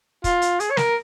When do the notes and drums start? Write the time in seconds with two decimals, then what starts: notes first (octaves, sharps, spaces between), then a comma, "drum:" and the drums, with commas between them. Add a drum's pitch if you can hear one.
0.24 F4, drum: kick, hi-hat
0.42 drum: hi-hat
0.60 G#4, drum: hi-hat
0.70 C#5
0.77 A#4, drum: snare